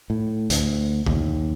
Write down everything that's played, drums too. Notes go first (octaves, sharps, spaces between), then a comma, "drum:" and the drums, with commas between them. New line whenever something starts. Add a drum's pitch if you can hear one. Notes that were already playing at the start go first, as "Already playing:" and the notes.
A2
D2, drum: hi-hat
D#2, drum: kick